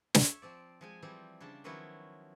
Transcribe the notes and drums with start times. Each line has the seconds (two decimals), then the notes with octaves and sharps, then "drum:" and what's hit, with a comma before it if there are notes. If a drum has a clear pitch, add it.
0.14 C#5 E5, drum: snare
0.42 F3 C4 D5
0.81 F3 G#3 G#5
1.02 E3 F3 G3 C4
1.41 C#3 G3 D4 A5
1.64 D#3 F3 F#3 B3 C#4 E4